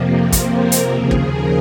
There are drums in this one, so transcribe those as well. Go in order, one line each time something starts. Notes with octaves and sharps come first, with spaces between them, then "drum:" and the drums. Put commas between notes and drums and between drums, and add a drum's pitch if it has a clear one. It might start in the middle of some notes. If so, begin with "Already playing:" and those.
Already playing: F2 C3 F3 A#3
C4
drum: kick, hi-hat
A#4
drum: hi-hat
D#2 C#3 F3 G#4
drum: kick
A#4